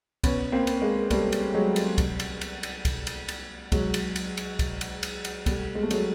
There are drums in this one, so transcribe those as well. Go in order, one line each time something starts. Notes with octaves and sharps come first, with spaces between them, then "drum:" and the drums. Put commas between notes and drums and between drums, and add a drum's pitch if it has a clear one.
B3 C#4, drum: kick C2, cymbal
A#3 C4
drum: cymbal
G#3 A#3
G3 A3, drum: kick C2, cymbal
drum: cymbal
F#3 G#3
drum: cymbal
drum: kick C2, cymbal
drum: cymbal
drum: cymbal
drum: cymbal
drum: kick C2, cymbal
drum: cymbal
drum: cymbal
F#3 G#3, drum: kick C2, cymbal
drum: cymbal
drum: cymbal
drum: cymbal
drum: kick C2, cymbal
drum: cymbal
drum: cymbal
drum: cymbal
G3 A3, drum: kick C2, cymbal
G#3
A3
F#3 G#3, drum: cymbal